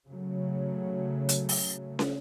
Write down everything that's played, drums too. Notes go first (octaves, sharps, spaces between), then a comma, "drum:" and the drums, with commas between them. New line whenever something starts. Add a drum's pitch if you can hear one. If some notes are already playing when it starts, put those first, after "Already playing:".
C#3 F#3 A3
drum: hi-hat
drum: open hi-hat
drum: snare